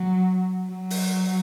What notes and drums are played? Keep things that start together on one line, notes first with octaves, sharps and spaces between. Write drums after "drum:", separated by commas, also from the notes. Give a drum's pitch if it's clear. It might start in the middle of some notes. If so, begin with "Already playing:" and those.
Already playing: F#3
F#3
drum: open hi-hat